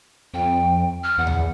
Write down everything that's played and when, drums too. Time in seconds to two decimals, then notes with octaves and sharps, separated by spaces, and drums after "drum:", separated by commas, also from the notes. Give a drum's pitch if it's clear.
0.34 F2 G5
1.03 F6
1.18 E2 F#5
1.27 drum: tom C#2